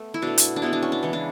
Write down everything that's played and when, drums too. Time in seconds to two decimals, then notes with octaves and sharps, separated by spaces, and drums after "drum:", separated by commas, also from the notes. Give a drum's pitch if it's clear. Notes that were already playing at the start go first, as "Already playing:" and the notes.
Already playing: A3 B3
0.14 E4
0.22 B2 A3 D4
0.38 drum: hi-hat
0.56 D4
0.62 B2 G#3 B3 E4
0.73 D4
0.83 C#4
0.92 D4
1.03 C#3 E3 G#3
1.13 D4